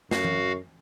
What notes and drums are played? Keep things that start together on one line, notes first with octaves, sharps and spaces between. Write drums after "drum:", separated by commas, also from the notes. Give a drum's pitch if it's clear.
F#2 F#4 F5, drum: snare
drum: tom E3